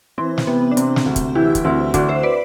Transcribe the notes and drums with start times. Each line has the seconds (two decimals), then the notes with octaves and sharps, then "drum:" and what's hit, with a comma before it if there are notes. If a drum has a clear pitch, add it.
0.18 E3 C4
0.38 drum: snare
0.47 C3 B3
0.71 D4
0.77 C3 C4, drum: hi-hat
0.96 drum: snare
1.06 D2
1.16 drum: kick, hi-hat
1.35 E3 E4 G4
1.55 drum: kick, hi-hat
1.64 D2 C4 E4
1.94 D2 D4 F#4, drum: kick, hi-hat
2.09 C5 E5
2.23 B4 D5